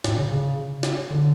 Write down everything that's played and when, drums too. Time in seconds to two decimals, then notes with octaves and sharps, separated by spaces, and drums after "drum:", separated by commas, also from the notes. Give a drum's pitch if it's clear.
0.04 A2, drum: snare
0.18 C#3
0.32 C#3
0.83 drum: snare
1.10 D3